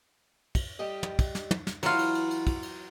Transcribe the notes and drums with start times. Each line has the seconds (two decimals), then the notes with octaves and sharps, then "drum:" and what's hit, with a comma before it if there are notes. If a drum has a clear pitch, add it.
0.55 drum: kick, cymbal
0.79 G3 G4 D#5
1.03 drum: tom
1.19 drum: kick, cymbal
1.35 drum: snare
1.51 drum: tom
1.67 drum: snare
1.83 E3 F#3 F4, drum: cymbal
1.99 drum: cymbal
2.15 drum: cymbal
2.31 drum: cymbal
2.47 drum: kick, cymbal
2.63 drum: cymbal